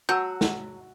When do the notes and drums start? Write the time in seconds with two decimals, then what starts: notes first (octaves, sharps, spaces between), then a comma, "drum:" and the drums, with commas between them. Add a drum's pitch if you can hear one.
0.09 F#3 F#4 F#5 A5 E6 G6
0.41 drum: snare